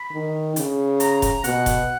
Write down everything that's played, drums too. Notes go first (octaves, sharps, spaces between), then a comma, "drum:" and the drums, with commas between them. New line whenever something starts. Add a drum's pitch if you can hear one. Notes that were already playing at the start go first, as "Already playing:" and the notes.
Already playing: B5
D#3
C#3, drum: hi-hat
A#5, drum: hi-hat
drum: kick F1, hi-hat
B2 F#5, drum: hi-hat
drum: kick F1, hi-hat